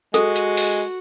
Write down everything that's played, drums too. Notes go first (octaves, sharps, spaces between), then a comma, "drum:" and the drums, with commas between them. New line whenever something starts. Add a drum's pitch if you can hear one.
G#3 F#4 A4, drum: hi-hat
drum: hi-hat
drum: open hi-hat